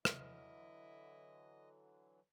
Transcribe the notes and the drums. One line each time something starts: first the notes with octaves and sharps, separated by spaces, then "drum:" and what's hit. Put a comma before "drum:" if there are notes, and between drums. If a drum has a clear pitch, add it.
D3 E3 F#3 E4 D#5, drum: rim click